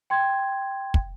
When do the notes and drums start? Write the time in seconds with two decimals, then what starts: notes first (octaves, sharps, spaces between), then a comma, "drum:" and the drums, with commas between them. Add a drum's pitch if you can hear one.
0.10 G5 C6 G#6
0.94 drum: kick